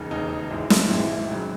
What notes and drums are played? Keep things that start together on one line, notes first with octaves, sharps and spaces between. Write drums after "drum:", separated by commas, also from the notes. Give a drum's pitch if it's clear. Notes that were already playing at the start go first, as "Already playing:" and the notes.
Already playing: E1 D#2 C#3 D#4
E1 D#2 C#3 D#4
G#1 G#2 E3 G#3
drum: snare
G#1 G#2 E3 G#3 E4
G#1 F#2 C#3 F#3